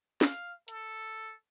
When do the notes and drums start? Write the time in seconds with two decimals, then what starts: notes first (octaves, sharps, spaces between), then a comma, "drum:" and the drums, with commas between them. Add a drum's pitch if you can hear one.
0.21 F5, drum: snare
0.68 A4, drum: hi-hat